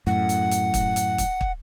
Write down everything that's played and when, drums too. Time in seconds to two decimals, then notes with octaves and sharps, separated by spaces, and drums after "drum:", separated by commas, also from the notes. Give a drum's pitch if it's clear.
0.07 F#2 A2 F#5
0.29 drum: hi-hat
0.51 drum: hi-hat
0.74 drum: kick, hi-hat
0.96 drum: hi-hat
1.18 drum: kick, hi-hat
1.41 drum: kick